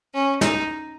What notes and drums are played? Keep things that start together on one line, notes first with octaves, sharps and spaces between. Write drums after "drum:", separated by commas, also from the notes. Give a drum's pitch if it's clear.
C#4
D#4, drum: snare